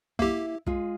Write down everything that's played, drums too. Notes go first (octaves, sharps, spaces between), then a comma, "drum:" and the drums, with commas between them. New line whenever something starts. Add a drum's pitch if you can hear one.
A#3 E4 G4 E5, drum: kick
G#3 F4, drum: kick